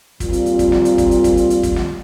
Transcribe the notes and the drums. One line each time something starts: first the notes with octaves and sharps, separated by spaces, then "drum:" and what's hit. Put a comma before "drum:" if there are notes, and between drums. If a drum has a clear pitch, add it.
A#2 G3 C4 F4, drum: kick, hi-hat
drum: hi-hat
drum: hi-hat
drum: kick, hi-hat
drum: snare
drum: hi-hat
drum: kick, hi-hat
drum: hi-hat
drum: kick, hi-hat
drum: hi-hat
drum: hi-hat
drum: kick, hi-hat
drum: snare